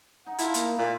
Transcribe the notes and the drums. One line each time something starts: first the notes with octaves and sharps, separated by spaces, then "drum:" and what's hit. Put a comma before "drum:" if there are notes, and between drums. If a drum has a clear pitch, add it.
D#4 F#5
E4 F4 A4, drum: hi-hat
A#3 A#5, drum: hi-hat
A#2 F4 D5 E5 F5